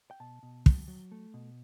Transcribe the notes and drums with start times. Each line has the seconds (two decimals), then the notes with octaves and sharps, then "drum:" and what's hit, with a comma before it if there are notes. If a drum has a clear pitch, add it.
0.11 G5
0.20 B2 A5
0.43 B2
0.66 F#3, drum: kick
0.88 F#3
1.12 A3
1.34 B2